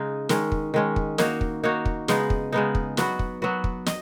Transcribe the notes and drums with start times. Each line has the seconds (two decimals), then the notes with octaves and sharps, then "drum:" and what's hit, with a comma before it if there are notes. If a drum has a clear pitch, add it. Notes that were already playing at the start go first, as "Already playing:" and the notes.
Already playing: C#3 G#3 D#4 G#4
0.29 D#3 G#3 C#4, drum: snare
0.52 drum: kick
0.74 D#3 G#3 C#4
0.96 drum: kick
1.18 A#3 D#4 F#4 C#5, drum: snare
1.41 drum: kick
1.64 A#3 D#4 F#4 C#5
1.85 drum: kick
2.08 C#3 G#3 B3 D#4, drum: snare
2.30 drum: kick
2.53 C#3 G#3 B3 D#4
2.75 drum: kick
2.97 F#3 B3 F#4 B4, drum: snare
3.19 drum: kick
3.42 F#3 B3 F#4 B4
3.64 drum: kick
3.86 D#5, drum: snare